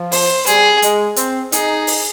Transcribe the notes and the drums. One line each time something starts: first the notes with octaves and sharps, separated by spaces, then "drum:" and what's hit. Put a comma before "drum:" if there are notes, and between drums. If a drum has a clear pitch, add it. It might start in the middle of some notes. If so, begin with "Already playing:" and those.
Already playing: F3
C5, drum: open hi-hat
G3 G#4, drum: hi-hat
G#3, drum: hi-hat
C4, drum: hi-hat
D#4 G#4, drum: hi-hat
drum: open hi-hat